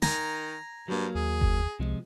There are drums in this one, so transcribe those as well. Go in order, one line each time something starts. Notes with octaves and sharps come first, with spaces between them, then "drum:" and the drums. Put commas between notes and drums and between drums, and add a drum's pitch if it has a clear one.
D#3 G#5 A#5, drum: snare
G2 F#3 A#3
D#2 G#4
drum: kick F#1
C2 C3 F3 G#3